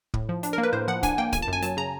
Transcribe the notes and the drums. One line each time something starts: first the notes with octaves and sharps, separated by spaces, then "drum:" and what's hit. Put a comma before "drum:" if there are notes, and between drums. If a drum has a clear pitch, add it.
A2, drum: kick
F3
D4, drum: hi-hat
A#4
A#3
B4
A2 C5
F3 F#5
D4 G#5, drum: kick, hi-hat
A#3 G5
G1 G#5, drum: kick, hi-hat
A5
F#2
G#5
F#3 A5, drum: hi-hat
C#3 A#5